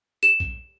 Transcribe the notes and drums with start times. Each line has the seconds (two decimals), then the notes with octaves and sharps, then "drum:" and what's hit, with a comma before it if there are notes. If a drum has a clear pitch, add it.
0.23 E7
0.40 drum: kick A#1